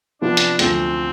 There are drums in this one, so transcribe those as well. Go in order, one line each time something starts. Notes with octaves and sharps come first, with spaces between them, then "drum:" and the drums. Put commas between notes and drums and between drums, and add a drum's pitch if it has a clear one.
C3 F3 B3 D4
drum: hi-hat
D2 D3 F3 C4, drum: hi-hat